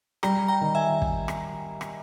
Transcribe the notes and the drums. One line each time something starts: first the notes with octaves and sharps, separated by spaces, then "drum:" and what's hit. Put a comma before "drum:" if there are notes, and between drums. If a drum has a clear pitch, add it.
G3 G5 A#5, drum: rim click
G5 A#5
D#3
E5 G#5
drum: kick
drum: rim click
drum: rim click